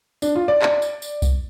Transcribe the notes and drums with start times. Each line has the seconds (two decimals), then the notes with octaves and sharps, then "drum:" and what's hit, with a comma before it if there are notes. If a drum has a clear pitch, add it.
0.22 D4, drum: tambourine
0.36 F4
0.48 D5
0.62 D5, drum: clap
0.82 drum: tambourine
1.02 drum: tambourine
1.22 drum: kick C2, tambourine